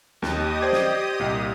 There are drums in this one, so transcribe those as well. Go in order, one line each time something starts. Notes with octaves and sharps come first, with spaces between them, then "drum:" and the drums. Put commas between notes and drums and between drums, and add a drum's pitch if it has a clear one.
D#2 G4 D#5 D#6, drum: snare
C5 D5 G#6
drum: snare
C2 A#2